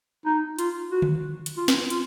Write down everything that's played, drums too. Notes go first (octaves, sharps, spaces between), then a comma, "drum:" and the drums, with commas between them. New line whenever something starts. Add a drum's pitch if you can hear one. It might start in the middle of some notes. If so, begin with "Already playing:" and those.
D#4
F4, drum: hi-hat
F#4
drum: tom D3
drum: hi-hat
F4
drum: snare
F4, drum: hi-hat